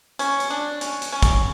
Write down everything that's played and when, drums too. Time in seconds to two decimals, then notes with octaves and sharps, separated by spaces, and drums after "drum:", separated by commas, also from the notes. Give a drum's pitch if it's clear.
0.19 C#4, drum: hi-hat
0.40 drum: hi-hat
0.50 D4
0.81 C#4, drum: hi-hat
1.02 drum: hi-hat
1.12 C#4
1.23 drum: kick, hi-hat